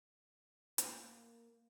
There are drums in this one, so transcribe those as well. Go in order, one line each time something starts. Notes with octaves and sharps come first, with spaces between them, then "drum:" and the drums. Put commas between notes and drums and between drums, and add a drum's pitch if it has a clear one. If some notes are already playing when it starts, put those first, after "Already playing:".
A#3, drum: hi-hat